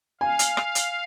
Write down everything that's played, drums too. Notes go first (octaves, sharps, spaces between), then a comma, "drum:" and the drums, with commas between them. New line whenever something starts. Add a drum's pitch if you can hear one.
F5 G#5
drum: hi-hat
drum: rim click
drum: hi-hat